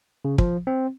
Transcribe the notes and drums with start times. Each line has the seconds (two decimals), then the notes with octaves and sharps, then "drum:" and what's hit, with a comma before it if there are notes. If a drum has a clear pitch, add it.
0.25 C#3
0.38 F3, drum: kick
0.67 C4